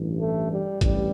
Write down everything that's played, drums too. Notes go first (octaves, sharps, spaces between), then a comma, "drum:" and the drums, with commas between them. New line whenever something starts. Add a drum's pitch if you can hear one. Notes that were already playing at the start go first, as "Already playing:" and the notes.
Already playing: A1 G2 E3
A3
G3
A1 G2 G3, drum: kick, hi-hat